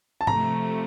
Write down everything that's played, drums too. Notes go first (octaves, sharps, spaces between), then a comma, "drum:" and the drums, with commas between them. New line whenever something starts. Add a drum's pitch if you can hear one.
A5
C3 F3 A3 A#5, drum: tom G#2